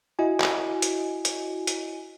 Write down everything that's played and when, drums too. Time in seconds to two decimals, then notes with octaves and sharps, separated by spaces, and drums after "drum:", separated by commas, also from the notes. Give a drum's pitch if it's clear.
0.19 E4 F#4 D#5 G#5
0.40 drum: clap
0.82 drum: hi-hat
1.25 drum: hi-hat
1.67 drum: hi-hat